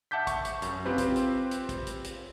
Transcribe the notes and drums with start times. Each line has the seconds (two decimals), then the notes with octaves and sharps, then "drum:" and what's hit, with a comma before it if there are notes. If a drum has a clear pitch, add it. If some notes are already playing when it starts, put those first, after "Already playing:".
0.11 E5 F#5 A5 D6 G6 B6
0.27 C#6, drum: kick, hi-hat
0.45 drum: hi-hat
0.62 F#2, drum: hi-hat
0.85 C4 F4 G4 B4 C5
0.98 drum: kick, hi-hat
1.16 drum: hi-hat
1.51 drum: hi-hat
1.69 drum: kick, hi-hat
1.87 drum: hi-hat
2.04 drum: hi-hat